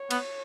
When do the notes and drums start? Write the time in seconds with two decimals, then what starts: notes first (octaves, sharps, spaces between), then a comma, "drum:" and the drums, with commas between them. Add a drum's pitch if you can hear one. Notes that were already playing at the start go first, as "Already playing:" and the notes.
Already playing: C#5
0.11 B3, drum: cymbal